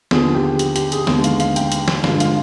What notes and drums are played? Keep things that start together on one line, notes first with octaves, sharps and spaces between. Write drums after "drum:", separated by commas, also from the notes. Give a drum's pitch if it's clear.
D#2 D3 F3 B3 G#4, drum: snare
G4
drum: hi-hat
G4, drum: hi-hat
G#4, drum: hi-hat
D#2 D3 G#3 B3, drum: snare
F5, drum: hi-hat
F5, drum: hi-hat
G5, drum: hi-hat
drum: hi-hat
drum: snare
G2 D3 F3 G#3 F5, drum: snare
F5, drum: hi-hat